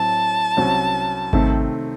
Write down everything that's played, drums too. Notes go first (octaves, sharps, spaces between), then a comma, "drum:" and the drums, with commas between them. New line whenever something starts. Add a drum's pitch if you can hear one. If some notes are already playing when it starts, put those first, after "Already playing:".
Already playing: A2 F#3 C4 A5
C2 C3 F#3 C#4 F#4
C3 D#3 A3 C4, drum: kick G#1